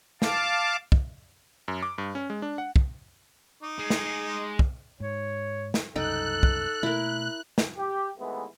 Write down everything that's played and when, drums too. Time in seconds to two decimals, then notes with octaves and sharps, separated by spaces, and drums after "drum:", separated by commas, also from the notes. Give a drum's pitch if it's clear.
0.22 F5 A5 D6, drum: snare
0.92 drum: kick
1.68 F#2
1.83 D6
1.98 G2
2.15 C#4
2.30 G#3
2.42 D4
2.58 F#5
2.76 drum: kick
3.63 D#4 D6
3.79 G#3
3.90 drum: snare
4.59 drum: kick
5.00 G#2 C#5
5.74 drum: snare
5.96 C2 F#2 C#3 D#4 A4 G5 F#6
6.43 drum: kick
6.83 B2 A3 A#3 E4 A#4
7.58 drum: snare
7.78 G4
8.18 D#2 E3 G#3 A3 B3